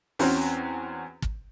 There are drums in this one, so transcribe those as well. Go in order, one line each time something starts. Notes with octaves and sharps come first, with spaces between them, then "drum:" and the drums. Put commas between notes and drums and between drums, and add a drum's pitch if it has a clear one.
E2 C4 C#4 F#4 C5, drum: open hi-hat
drum: kick